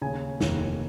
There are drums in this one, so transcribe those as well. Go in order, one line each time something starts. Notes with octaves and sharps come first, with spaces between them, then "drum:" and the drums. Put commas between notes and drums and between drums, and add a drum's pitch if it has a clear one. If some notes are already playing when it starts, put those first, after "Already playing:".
D#2 C#3 G#5
F1 D#2 D#3, drum: snare